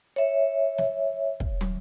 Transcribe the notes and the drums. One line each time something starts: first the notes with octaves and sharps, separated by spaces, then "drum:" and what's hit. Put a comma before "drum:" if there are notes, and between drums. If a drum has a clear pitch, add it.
C#5 E5
drum: snare
drum: kick
drum: tom